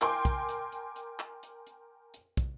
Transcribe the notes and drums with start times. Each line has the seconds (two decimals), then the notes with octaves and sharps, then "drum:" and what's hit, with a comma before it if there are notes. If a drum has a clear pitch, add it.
0.02 A#4 G5 G#5 C6 D6, drum: clap
0.25 drum: kick, hi-hat
0.49 drum: hi-hat
0.72 drum: hi-hat
0.96 drum: hi-hat
1.19 drum: clap
1.43 drum: hi-hat
1.67 drum: hi-hat
2.14 drum: hi-hat
2.37 drum: kick, hi-hat